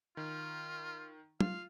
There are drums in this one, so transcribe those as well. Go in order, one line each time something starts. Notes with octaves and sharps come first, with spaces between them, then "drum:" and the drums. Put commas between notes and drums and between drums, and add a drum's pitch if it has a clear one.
D#3 F4
F4 F5, drum: tom